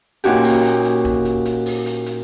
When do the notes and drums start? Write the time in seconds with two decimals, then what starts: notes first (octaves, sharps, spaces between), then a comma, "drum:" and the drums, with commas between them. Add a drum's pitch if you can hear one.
0.24 A#2 C#4 D#4 F#4 G4, drum: hi-hat
0.44 drum: open hi-hat
0.64 drum: hi-hat
0.85 drum: hi-hat
1.05 drum: kick E1
1.25 drum: hi-hat
1.45 drum: hi-hat
1.66 drum: open hi-hat
1.86 drum: hi-hat
2.06 drum: hi-hat